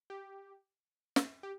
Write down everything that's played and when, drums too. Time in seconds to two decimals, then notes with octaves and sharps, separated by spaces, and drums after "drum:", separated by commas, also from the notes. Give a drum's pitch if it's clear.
0.10 G4
1.16 drum: snare
1.43 G4